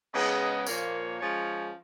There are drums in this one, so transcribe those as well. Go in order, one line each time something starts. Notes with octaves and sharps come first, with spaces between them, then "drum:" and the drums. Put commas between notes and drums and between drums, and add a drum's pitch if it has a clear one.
C#3 G#3 B3 D#5, drum: cymbal
A#2 F3 A#3 C#5, drum: tambourine
F3 G#3 C#4 C#5